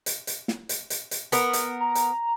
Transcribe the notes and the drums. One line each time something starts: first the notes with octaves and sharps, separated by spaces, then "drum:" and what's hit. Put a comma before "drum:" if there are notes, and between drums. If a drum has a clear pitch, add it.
drum: hi-hat
drum: hi-hat
drum: snare
drum: hi-hat
drum: hi-hat
drum: hi-hat
B3 A#4, drum: hi-hat
drum: hi-hat
A#5
drum: hi-hat